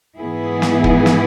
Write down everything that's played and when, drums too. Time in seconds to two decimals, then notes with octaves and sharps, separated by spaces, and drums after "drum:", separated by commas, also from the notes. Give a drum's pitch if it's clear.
0.18 G#2 E3 B3 E4 G#4
0.62 drum: snare
0.84 drum: kick
1.06 drum: snare